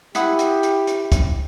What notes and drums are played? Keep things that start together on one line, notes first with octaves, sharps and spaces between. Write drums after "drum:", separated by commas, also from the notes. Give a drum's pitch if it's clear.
E4 G4 F#5 D#6, drum: hi-hat
drum: hi-hat
drum: hi-hat
drum: hi-hat
drum: kick, hi-hat